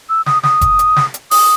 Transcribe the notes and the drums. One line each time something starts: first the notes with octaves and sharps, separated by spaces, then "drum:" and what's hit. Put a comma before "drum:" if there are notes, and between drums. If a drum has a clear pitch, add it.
E6
D#6, drum: snare
D#6, drum: snare
drum: kick F1, hi-hat
drum: hi-hat
drum: snare
drum: hi-hat
D#6, drum: open hi-hat